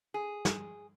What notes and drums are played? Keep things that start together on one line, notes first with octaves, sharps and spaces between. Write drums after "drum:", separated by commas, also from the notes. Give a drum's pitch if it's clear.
G#4
drum: snare